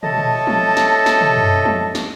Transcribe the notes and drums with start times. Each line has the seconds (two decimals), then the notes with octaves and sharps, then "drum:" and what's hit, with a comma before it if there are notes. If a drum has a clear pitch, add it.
0.03 A4 C#5 D#5 E5 A5, drum: tom
0.18 drum: tom
0.47 drum: tom
0.77 drum: snare
1.06 drum: snare
1.21 drum: tom
1.36 drum: tom F#2
1.65 drum: tom
1.95 drum: snare